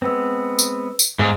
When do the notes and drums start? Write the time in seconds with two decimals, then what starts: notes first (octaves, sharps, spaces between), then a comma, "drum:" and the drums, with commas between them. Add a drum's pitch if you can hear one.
0.02 G#3 B3 C4 B4 E6
0.59 drum: tambourine
0.99 drum: tambourine
1.19 G#2 B3 G#4 D5 F5